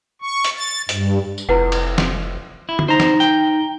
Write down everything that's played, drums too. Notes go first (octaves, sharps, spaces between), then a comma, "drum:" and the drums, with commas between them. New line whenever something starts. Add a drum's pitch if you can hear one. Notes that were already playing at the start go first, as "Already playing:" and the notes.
C#6
drum: hi-hat
A6
G2, drum: hi-hat
drum: tambourine
F1 E4 B4 F#5
drum: cymbal
drum: snare
E4
drum: tom
D#4 C5 A#5
drum: snare
G5